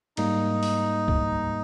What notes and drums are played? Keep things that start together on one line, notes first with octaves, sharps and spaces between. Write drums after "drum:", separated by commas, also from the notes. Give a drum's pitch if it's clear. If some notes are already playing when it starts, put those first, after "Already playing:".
G#2 G3 A#3 D#4, drum: cymbal
drum: open hi-hat
drum: kick